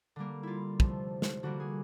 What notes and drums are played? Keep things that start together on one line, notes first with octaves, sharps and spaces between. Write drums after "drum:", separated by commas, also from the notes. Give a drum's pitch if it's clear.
D3 G3 A#3
E4 F4
C3 F3 A3, drum: kick
drum: snare
D3 G3 A#3 F#4
G#4